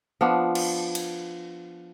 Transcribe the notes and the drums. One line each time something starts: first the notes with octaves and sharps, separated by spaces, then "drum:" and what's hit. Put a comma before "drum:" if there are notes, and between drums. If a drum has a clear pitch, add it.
F3 B3 D4
drum: cymbal
drum: cymbal